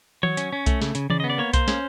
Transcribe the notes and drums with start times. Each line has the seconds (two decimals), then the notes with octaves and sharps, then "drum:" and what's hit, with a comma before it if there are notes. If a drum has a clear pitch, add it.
0.23 F#3 C#5, drum: tom D#3
0.37 C#4, drum: hi-hat
0.53 C#4
0.66 A3, drum: kick B1, hi-hat
0.82 C#3, drum: snare
0.95 C#3, drum: hi-hat
1.10 C#3 D5, drum: tom D#3
1.20 B3 D#5
1.30 D5
1.38 A#3 C#5
1.54 A#3 C5, drum: kick B1, hi-hat
1.68 C#4, drum: snare